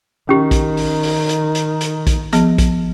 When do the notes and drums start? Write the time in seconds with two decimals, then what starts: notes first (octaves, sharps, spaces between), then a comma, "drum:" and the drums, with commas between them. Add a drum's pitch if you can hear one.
0.29 D#3 C#4 G4
0.51 drum: kick, hi-hat
0.77 drum: open hi-hat
1.03 drum: open hi-hat
1.29 drum: hi-hat
1.55 drum: hi-hat
1.81 drum: hi-hat
2.07 drum: kick, hi-hat
2.33 F3 B3 G#4, drum: hi-hat
2.58 drum: kick, hi-hat